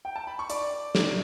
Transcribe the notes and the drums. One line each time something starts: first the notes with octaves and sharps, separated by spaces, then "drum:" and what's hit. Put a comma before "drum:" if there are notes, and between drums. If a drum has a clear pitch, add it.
G5
A5
B5
C#6
D5 D6, drum: hi-hat
drum: snare